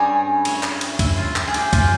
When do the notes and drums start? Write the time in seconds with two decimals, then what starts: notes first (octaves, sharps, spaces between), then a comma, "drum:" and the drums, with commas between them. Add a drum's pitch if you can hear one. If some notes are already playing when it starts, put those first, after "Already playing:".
Already playing: G2 G3 C#4 G#4
0.45 C#5, drum: cymbal
0.63 drum: clap
0.81 drum: cymbal
0.99 E4, drum: kick, cymbal
1.17 F4
1.36 drum: clap
1.47 G#4
1.54 G4, drum: cymbal
1.73 F4, drum: kick, cymbal